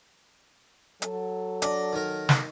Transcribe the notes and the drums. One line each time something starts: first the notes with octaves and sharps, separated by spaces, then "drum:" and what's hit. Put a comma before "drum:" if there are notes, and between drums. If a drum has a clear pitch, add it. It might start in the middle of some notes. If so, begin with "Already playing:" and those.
F#3 A4, drum: hi-hat
D4 D#5, drum: hi-hat
D#3 A#4
drum: snare